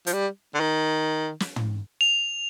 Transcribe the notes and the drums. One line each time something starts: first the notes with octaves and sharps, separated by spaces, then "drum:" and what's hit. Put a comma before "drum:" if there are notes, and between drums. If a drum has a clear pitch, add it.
F3, drum: hi-hat
G3
D3
D#3
drum: snare
drum: tom
F7